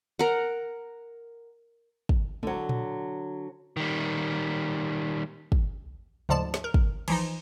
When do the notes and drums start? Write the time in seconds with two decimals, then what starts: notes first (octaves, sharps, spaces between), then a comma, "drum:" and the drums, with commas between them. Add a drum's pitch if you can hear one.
0.19 A#4 F#5
2.09 drum: kick
2.43 D3 F#3, drum: tom
2.69 drum: tom A#2
3.77 D#3 G3
5.52 drum: kick
6.29 D2 G#2 F3 D5 A5, drum: tom C3
6.54 drum: snare
6.64 A#4
6.74 drum: kick
7.08 E3 F3 D#4, drum: cymbal